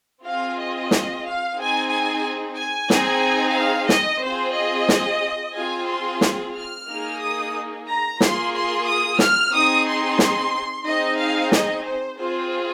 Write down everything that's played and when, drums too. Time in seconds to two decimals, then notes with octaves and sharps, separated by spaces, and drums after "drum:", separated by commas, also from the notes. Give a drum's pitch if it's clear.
0.24 C4 F4 G#4 F5
0.59 D#5
0.91 drum: snare
1.24 F5
1.57 C4 D#4 G#4 G#5
1.90 G#5
2.57 G#5
2.90 C4 D#4 G#4, drum: snare
3.57 F5
3.89 D#5, drum: snare
4.22 C4 F4 G#4 C5
4.56 D#5
4.89 drum: snare
5.54 C4 F4 G#4 G#5
5.89 C6
6.21 drum: snare
6.55 F6
6.87 A#3 D#4 G#4
7.20 D#6
7.87 A#5
8.21 A#3 F4 G#4 C6, drum: snare
8.53 C6
8.86 D#6
9.19 F6, drum: snare
9.52 C4 D#4 G#4 D#6
9.86 C6
10.19 drum: snare
10.84 C4 D#4 G#4 D#5
11.18 F5
11.52 D#5, drum: snare
11.85 C5
12.17 C4 F4 G#4 C5